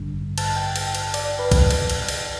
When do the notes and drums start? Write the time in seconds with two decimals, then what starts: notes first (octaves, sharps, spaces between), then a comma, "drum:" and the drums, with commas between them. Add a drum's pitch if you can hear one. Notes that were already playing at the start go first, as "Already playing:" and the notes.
Already playing: A1 G2 D3
0.38 A5, drum: cymbal
0.56 G5
0.76 G5, drum: cymbal
0.95 drum: cymbal
1.14 D5, drum: cymbal
1.39 B4
1.52 drum: kick B1, cymbal
1.71 drum: cymbal
1.90 drum: cymbal
2.08 drum: cymbal